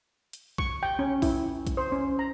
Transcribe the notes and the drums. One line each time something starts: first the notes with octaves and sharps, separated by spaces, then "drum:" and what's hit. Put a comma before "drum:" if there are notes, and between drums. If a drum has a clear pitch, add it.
drum: hi-hat
C#6, drum: kick A#1
G5
C#4
E4, drum: kick A#1, open hi-hat
drum: kick A#1, hi-hat
C5
C#4
A#5